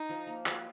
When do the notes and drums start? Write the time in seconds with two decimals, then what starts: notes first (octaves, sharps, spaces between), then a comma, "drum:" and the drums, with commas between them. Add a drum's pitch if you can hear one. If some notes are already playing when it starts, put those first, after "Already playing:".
Already playing: D#4
0.09 F3
0.27 A#3
0.46 F3, drum: clap